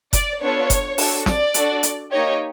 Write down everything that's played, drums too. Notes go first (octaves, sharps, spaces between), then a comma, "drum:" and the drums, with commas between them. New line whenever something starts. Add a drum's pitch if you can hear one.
D5, drum: kick F#1, hi-hat
B3 D4 F4 A4 C#5
drum: kick F#1, hi-hat
D4 F#4 A4, drum: open hi-hat
D5, drum: snare
D4 F#4 A4, drum: hi-hat
drum: hi-hat
A#3 D#4 G4 C#5 D#5